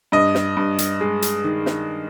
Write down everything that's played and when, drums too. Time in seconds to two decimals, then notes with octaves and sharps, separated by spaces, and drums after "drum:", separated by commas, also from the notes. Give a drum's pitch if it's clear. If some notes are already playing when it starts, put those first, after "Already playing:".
0.12 G2 D#5
0.35 drum: snare
0.57 G2
0.79 drum: hi-hat
1.01 G#3
1.22 drum: hi-hat
1.44 D#3
1.66 drum: snare